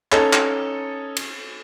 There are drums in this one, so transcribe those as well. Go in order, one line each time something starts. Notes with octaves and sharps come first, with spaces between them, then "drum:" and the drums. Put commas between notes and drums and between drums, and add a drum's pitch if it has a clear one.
C#4 D#4 A4, drum: clap
drum: clap
drum: cymbal